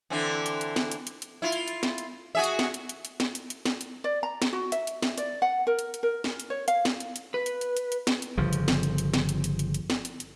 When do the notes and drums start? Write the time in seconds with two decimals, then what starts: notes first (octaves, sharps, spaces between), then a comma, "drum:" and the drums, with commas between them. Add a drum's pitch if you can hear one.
0.10 D3 E3 C4
0.46 drum: hi-hat
0.61 drum: hi-hat
0.76 drum: snare
0.91 drum: hi-hat
1.07 drum: hi-hat
1.22 drum: hi-hat
1.42 E4 F4
1.52 drum: hi-hat
1.68 drum: hi-hat
1.83 drum: snare
1.98 drum: hi-hat
2.35 F#4 G#4 E5
2.44 drum: hi-hat
2.59 drum: snare
2.74 drum: hi-hat
2.89 drum: hi-hat
3.05 drum: hi-hat
3.20 drum: snare
3.35 drum: hi-hat
3.50 drum: hi-hat
3.66 drum: snare
3.81 drum: hi-hat
4.04 D5
4.23 A#5
4.42 drum: snare
4.53 F#4
4.72 E5, drum: hi-hat
4.87 drum: hi-hat
5.03 drum: snare
5.18 D5, drum: hi-hat
5.42 F#5
5.67 A#4
5.79 drum: hi-hat
5.94 drum: hi-hat
6.03 A#4
6.24 drum: snare
6.40 drum: hi-hat
6.50 C#5
6.68 F5, drum: hi-hat
6.85 drum: snare
7.00 drum: hi-hat
7.16 drum: hi-hat
7.34 B4
7.46 drum: hi-hat
7.61 drum: hi-hat
7.77 drum: hi-hat
7.92 drum: hi-hat
8.07 drum: snare
8.22 drum: hi-hat
8.38 G1 C#3 F3
8.53 drum: hi-hat
8.68 drum: snare
8.83 drum: hi-hat
8.98 drum: hi-hat
9.14 drum: snare
9.29 drum: hi-hat
9.44 drum: hi-hat
9.59 drum: hi-hat
9.74 drum: hi-hat
9.90 drum: snare
10.05 drum: hi-hat
10.20 drum: hi-hat